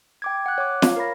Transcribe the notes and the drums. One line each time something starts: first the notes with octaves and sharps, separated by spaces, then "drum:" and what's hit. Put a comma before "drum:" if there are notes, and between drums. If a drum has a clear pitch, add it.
G5 D6 G#6
F#5 F#6
C#5 D6
F5, drum: snare
A#4 C#5 B5 A#6